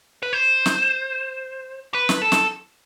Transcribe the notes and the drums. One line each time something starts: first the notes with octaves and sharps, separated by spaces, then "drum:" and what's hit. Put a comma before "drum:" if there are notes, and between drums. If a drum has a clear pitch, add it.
B4
C5
drum: snare
B4
drum: snare
A4
drum: snare